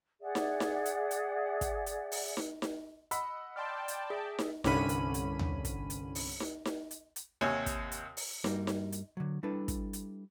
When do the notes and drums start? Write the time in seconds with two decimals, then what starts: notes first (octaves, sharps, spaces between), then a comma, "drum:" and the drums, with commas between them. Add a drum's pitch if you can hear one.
0.22 G#4 D5 E5 F#5
0.35 drum: snare D#4
0.60 drum: snare D#4
0.85 drum: hi-hat
1.11 drum: hi-hat
1.61 drum: kick, hi-hat
1.86 drum: hi-hat
2.12 drum: open hi-hat
2.37 drum: snare D#4
2.62 drum: snare D#4
3.11 D#5 F#5 B5 E6, drum: hi-hat
3.56 D5 G5 A5 C6 F6
3.88 drum: hi-hat
4.10 G#4 E5
4.39 drum: snare D#4
4.64 C2 G2 D3 C#4 B5 D#7, drum: snare D#4
4.89 drum: hi-hat
5.14 drum: hi-hat
5.39 drum: tom D#2
5.65 drum: kick, hi-hat
5.90 drum: hi-hat
6.15 drum: open hi-hat
6.40 drum: snare D#4
6.65 drum: snare D#4
6.91 drum: hi-hat
7.16 drum: hi-hat
7.41 D#2 C3 C#5 G#5
7.66 drum: kick, hi-hat
7.92 drum: hi-hat
8.17 drum: open hi-hat
8.44 G2 G3 A#3 F#4, drum: snare D#4
8.67 drum: snare D#4
8.92 drum: hi-hat
9.17 D3 F#3
9.43 G3 D4 E4 A4 B4
9.68 drum: kick, hi-hat
9.93 drum: hi-hat